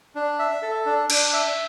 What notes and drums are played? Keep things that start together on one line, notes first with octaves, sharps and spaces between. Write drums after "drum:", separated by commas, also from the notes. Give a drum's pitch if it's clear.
D4
E5
A4
D4
D4, drum: cymbal
E5